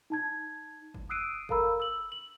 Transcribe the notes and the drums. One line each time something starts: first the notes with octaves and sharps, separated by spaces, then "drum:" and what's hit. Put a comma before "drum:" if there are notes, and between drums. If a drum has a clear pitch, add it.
D#4 A5 G#6
drum: kick F#1
D#6 E6 F#6 C7 D7 D#7
A4 A#4 F5 A#5 B5 E6, drum: kick F#1
E6 F#7
F#7